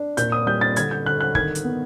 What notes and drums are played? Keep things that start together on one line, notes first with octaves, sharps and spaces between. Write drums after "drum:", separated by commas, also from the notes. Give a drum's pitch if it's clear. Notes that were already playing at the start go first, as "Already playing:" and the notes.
Already playing: D4
A#2 G6, drum: hi-hat
D#6
G3 G6
A6
D3 G#6, drum: hi-hat
G6
D3 F#6
F#6
D#3 G#6, drum: kick
drum: hi-hat
B3